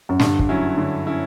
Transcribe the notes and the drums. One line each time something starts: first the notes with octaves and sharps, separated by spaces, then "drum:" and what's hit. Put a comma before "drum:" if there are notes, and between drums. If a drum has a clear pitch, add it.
F#2
G2 D3, drum: snare
drum: kick
F#3 C#4 E4
D3
C#4 E4